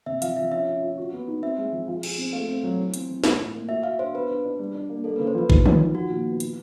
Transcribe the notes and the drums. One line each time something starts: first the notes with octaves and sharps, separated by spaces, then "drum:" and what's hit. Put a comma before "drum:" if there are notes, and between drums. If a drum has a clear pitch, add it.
C3 E5
F3 F5, drum: hi-hat
F3 E5
C#4 E5
C#4
F4
F#4
B3
D#4
C4 E5
G#3
F3
F4
G#4, drum: cymbal
C4
A3 F5
C4
F#3
E3
C4, drum: hi-hat
E3
A2, drum: snare
A2
A#3
F#4 E5
F#4 F5
D4 C5
B3 B4
D4
D4
G3
D4
A#3
A#3 A4
B4
C#3
C5
F3 B4
D#3, drum: kick A1
D#3, drum: tom
D#3
F3 F#4
A#2
B3
E3, drum: hi-hat